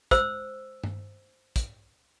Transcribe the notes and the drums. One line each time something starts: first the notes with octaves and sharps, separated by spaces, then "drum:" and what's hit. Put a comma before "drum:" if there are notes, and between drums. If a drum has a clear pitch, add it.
C5 E6, drum: kick, hi-hat
drum: tom G2
drum: kick, hi-hat